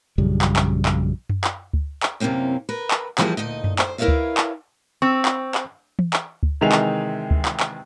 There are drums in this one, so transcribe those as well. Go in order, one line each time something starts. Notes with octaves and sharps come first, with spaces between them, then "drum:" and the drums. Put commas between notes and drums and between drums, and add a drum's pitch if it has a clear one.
A#1 F#2 C#3 G3
drum: clap
drum: clap
drum: clap
drum: tom F#2
drum: clap
drum: kick D2
drum: clap
F#2 C3 E3 A#3 C4 C#4
A#4 B4
drum: clap
E3 F3 G3 A#3 G4 G#4, drum: clap
D2 A#2 D#4 D#5
drum: tom F#2
C5, drum: clap
E4 A#4 B4 C#5 E5 F5
drum: kick D2
drum: clap
C4 C#6 E6
drum: clap
drum: clap
drum: tom E3
drum: clap
drum: kick D2
C3 D#3 E3 G#3 E5 F7
drum: clap
drum: kick D2
drum: clap
drum: clap